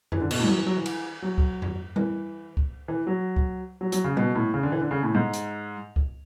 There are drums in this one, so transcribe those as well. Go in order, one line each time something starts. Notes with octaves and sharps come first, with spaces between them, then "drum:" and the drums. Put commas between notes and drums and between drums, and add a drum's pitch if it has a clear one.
E3, drum: tom F2
D3
B2, drum: cymbal
A2
E3, drum: tom G3
F#3
E3
F#3
E3
drum: cymbal
F#3
drum: kick C#2
drum: tom F2
E3, drum: tom G3
drum: kick C#2
E3
F#3
drum: kick C#2
F#3
F#3, drum: hi-hat
C#3
B2, drum: tom G3
A2
C#3
D3
E3
D3
C#3
A2
G#2
drum: hi-hat
drum: kick C#2